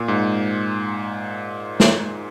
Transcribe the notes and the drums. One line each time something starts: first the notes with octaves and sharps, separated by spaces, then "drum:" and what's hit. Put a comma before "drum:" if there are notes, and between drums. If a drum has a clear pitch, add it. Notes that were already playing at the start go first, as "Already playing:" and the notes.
Already playing: A#2
G#2
drum: snare